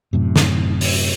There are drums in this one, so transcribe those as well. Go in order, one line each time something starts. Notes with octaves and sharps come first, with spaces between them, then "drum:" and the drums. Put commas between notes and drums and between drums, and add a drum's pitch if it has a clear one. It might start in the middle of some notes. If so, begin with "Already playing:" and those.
F#2 A2 C3
drum: snare
drum: open hi-hat